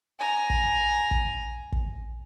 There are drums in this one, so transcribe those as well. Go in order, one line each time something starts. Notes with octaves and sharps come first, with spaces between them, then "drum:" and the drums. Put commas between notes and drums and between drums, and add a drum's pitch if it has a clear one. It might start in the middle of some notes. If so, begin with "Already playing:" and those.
G#5 A#5
drum: kick
drum: kick
drum: kick